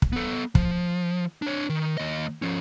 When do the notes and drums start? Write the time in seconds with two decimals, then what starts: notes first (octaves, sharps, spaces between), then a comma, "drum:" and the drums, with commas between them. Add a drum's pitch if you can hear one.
0.02 drum: kick
0.13 B3 A4
0.55 F3, drum: kick
1.42 D4 C#5
1.69 D#3
1.97 D#2 D#5
2.42 F3 C#4